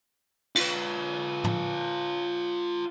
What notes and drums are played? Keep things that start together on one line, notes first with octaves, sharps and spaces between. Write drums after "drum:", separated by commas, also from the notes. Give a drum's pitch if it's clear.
F4 B4, drum: cymbal
drum: tom